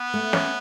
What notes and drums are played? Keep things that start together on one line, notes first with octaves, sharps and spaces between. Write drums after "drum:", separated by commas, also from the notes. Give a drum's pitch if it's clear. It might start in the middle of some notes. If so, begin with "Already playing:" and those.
Already playing: B3
A3
C#4, drum: snare